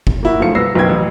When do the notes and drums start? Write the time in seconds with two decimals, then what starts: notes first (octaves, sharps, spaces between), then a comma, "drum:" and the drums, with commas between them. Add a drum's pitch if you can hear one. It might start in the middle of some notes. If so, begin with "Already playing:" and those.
0.07 drum: kick
0.23 A#3 E4 F#4
0.40 F#2 D#3 F3 A3 F5 C#7
0.55 C2 B4 E6 A#6 C7
0.75 F#1 B1 D#3 B4 G5 G#6
0.89 A1